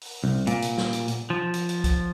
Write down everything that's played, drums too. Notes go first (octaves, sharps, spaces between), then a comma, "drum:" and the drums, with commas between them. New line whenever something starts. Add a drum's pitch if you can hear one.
drum: open hi-hat
C2
A#2, drum: hi-hat
drum: hi-hat
drum: snare
drum: hi-hat
drum: hi-hat
F3
drum: hi-hat
drum: hi-hat
drum: kick C2, hi-hat